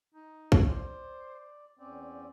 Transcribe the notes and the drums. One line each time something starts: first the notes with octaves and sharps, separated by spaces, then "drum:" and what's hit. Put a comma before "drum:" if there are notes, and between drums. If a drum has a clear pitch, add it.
D#4
C4, drum: kick
C5 D5
E2 C4 C#4 D5